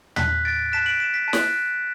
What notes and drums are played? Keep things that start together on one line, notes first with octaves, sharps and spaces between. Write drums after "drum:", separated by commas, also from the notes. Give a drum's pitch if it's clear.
A5 F#6 B6, drum: tom
A6 D7
A5 F#6 B6 E7
D7 F#7
B6 E7
B6
A5
F#6, drum: snare